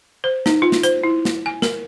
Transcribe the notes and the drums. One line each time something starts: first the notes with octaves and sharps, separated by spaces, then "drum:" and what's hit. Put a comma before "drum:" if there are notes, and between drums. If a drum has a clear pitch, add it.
C5
D#4, drum: snare
F4
drum: snare
C5, drum: hi-hat
E4
drum: snare
G#5
A#4, drum: snare